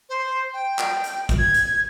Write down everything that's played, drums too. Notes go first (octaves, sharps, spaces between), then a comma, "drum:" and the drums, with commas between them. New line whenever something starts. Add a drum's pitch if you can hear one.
C5
G5
drum: clap
drum: hi-hat
drum: kick, hi-hat
G#6
drum: hi-hat